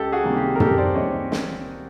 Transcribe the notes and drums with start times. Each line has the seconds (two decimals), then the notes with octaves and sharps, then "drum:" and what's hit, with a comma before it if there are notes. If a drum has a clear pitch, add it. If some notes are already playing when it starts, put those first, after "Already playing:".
Already playing: C#2 G4 A4
0.12 F#4 G#4
0.24 C3 D#3 G3 A#3
0.37 G4
0.56 A#4
0.60 C#2 G4 A4, drum: tom
0.78 C5 D5
0.95 C3 D#3 G3 A#3 C#5 D#5
1.32 drum: snare